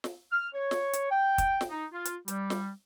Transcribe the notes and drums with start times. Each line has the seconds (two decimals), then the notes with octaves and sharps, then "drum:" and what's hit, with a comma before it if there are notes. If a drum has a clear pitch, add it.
0.04 drum: snare
0.32 F6
0.54 C#5
0.71 drum: snare
0.93 drum: hi-hat
1.10 G5
1.38 drum: kick, hi-hat
1.61 drum: snare
1.70 D#4
1.92 F4
2.05 drum: hi-hat
2.28 G3, drum: hi-hat
2.50 drum: snare